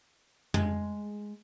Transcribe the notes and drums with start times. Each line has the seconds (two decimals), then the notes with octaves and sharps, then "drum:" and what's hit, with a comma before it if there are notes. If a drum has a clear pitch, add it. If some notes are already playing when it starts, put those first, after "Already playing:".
0.54 G#3, drum: tom F2